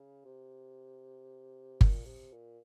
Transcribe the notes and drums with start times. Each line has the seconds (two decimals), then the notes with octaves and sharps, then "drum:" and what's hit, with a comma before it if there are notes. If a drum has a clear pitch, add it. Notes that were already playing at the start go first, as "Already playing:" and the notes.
Already playing: C#3
0.25 C3
1.81 A#2, drum: kick G1
2.05 C3
2.32 A#2